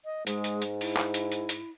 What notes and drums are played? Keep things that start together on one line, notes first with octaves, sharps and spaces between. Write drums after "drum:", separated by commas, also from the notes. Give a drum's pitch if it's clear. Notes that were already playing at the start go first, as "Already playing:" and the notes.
D#5
G#2 G#3, drum: hi-hat
drum: hi-hat
drum: hi-hat
E4, drum: open hi-hat
drum: clap
drum: hi-hat
drum: hi-hat
drum: hi-hat